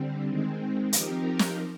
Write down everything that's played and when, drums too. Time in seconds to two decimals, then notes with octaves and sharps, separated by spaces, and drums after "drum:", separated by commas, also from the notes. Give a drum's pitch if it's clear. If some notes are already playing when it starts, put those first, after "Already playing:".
Already playing: D3 G3 C4
0.29 D#3 G#3 C4
0.93 F3 C4 D#4 G4 A#4, drum: hi-hat
1.39 drum: snare